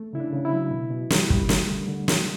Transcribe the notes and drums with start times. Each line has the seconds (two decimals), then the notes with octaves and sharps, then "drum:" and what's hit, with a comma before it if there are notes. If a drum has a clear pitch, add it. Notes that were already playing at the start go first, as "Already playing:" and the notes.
Already playing: A3
0.13 C#3 E4
0.20 D4
0.33 C#3
0.45 E4
0.52 F#3
0.71 B2
0.91 B2
1.10 G3, drum: snare
1.30 G3, drum: kick
1.49 A3, drum: snare
1.69 D3
1.88 D3
2.08 F#3, drum: snare